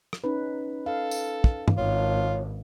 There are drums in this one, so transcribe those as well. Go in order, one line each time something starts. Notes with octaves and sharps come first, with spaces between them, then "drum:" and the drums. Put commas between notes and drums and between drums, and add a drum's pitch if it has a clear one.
drum: rim click
C#4 D#4 B4
A4 F5
drum: tambourine
drum: kick
drum: tom G2
G#1 F4 C#5